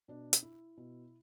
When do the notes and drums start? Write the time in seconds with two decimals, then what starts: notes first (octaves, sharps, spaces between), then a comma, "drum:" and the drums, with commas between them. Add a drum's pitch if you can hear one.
0.08 B2 D4
0.33 drum: hi-hat
0.43 E4
0.77 B2